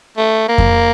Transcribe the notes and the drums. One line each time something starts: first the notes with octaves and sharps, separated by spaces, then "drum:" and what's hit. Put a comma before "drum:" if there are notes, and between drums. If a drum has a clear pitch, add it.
A3
A#3
drum: kick F2